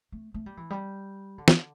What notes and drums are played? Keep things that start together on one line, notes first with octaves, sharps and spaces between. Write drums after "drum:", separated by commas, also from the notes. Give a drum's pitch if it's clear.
A3
A3
G3
E3
G3
D3
drum: snare